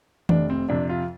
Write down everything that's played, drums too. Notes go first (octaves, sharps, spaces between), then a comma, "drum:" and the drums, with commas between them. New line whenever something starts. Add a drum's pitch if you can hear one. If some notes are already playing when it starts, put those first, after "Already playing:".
F1 D4, drum: tom D#3
C4
F2 C3 D4
F4